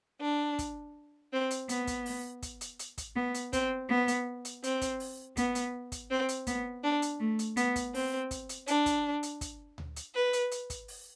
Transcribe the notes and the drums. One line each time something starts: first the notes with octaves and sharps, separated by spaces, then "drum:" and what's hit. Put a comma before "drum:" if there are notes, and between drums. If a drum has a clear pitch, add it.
D4
drum: kick, hi-hat
C4
drum: hi-hat
B3, drum: hi-hat
drum: kick, hi-hat
drum: open hi-hat
drum: kick, hi-hat
drum: hi-hat
drum: hi-hat
drum: kick, hi-hat
B3
drum: hi-hat
C4, drum: kick, hi-hat
B3
drum: hi-hat
drum: hi-hat
C4, drum: hi-hat
drum: kick, hi-hat
drum: open hi-hat
B3, drum: kick, hi-hat
drum: hi-hat
drum: kick, hi-hat
C4
drum: hi-hat
B3, drum: kick, hi-hat
D4
drum: hi-hat
A3
drum: hi-hat
B3, drum: hi-hat
drum: kick, hi-hat
C4, drum: open hi-hat
drum: kick, hi-hat
drum: hi-hat
D4, drum: hi-hat
drum: kick, hi-hat
drum: hi-hat
drum: kick, hi-hat
drum: tom D2
drum: hi-hat
B4
drum: hi-hat
drum: hi-hat
drum: kick, hi-hat
drum: open hi-hat